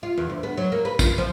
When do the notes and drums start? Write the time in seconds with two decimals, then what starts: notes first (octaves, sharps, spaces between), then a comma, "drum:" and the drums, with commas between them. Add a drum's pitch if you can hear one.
0.03 F4
0.18 E2
0.30 D2
0.43 B3
0.57 F#3
0.72 A#3
0.85 B4
0.99 F4, drum: kick, tambourine
1.18 F3